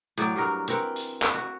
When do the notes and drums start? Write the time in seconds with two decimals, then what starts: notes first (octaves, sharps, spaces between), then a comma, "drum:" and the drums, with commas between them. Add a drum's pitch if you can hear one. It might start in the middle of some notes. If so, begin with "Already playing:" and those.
0.18 A2 F#3 D5, drum: hi-hat
0.36 G2 F#3 F#4 A#4
0.68 E3 C4 A#4 F#5, drum: hi-hat
0.96 drum: open hi-hat
1.22 drum: clap
1.34 F#4